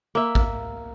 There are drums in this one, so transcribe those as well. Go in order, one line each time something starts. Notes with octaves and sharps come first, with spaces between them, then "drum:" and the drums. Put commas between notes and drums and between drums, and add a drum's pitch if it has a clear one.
A#3 E5
drum: kick A1